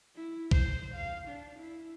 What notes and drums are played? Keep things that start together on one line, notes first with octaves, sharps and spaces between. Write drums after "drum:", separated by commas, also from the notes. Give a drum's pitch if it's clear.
E4
C5, drum: kick B1
F5
D4
E4